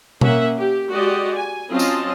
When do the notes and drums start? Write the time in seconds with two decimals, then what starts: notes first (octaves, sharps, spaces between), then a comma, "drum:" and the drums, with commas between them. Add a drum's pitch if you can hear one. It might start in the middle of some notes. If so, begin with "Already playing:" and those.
0.21 A#3 C#4 E5 F#5, drum: tom B2
0.56 G4
0.91 G#3 F#4 G4 D5 D#5
1.35 G#5
1.70 F#3 C4 C#4 F4 D#5 A5
1.79 drum: tambourine